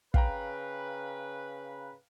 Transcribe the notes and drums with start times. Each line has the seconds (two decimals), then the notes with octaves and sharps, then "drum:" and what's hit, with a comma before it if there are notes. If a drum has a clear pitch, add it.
0.14 C#3 B4 F5 G5 A#5, drum: kick